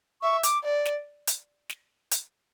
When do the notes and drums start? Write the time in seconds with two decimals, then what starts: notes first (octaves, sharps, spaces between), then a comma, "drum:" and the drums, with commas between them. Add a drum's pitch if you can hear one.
0.22 E5 C#6
0.43 D6, drum: hi-hat
0.64 D5
0.85 drum: snare
1.27 drum: hi-hat
1.69 drum: snare
2.12 drum: hi-hat